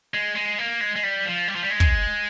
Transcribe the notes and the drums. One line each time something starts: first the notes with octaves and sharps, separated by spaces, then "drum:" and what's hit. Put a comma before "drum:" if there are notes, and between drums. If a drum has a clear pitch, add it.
G#3
G#3
A#3
G#3
G#3
G3
F3
G3
F3
G3
G#3
drum: kick